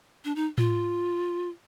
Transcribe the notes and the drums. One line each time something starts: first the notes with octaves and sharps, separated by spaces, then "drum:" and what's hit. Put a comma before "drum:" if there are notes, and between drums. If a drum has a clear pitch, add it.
D4
D#4
F4, drum: tom A2